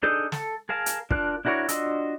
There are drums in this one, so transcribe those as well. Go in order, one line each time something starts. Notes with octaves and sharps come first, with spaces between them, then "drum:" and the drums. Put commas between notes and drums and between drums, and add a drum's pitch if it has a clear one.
D4 D#4 G#4 A4 G6
A4, drum: snare
G#4 A#4 F5 A5
drum: hi-hat
D4 F4 A#4 A5 F#6, drum: kick
D4 E4 F#4 A#4 C#5
D4 F4 F#4 D#5 E6, drum: hi-hat